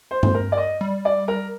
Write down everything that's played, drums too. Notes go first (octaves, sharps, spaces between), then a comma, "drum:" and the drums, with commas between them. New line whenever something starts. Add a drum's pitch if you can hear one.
C5
C5, drum: tom G2
A#4
D5
D#5
G3
D5
A#4